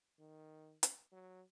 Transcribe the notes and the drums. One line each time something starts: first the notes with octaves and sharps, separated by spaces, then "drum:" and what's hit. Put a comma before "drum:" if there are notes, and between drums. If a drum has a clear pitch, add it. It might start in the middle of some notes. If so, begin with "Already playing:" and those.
D#3
drum: hi-hat
F#3